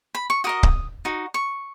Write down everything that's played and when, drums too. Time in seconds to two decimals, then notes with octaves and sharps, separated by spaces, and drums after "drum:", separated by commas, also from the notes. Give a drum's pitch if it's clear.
0.15 B5
0.30 C#6
0.44 F#4 A#4 D#5 D#6
0.63 drum: kick C#1
1.05 D#4 F#4
1.34 C#6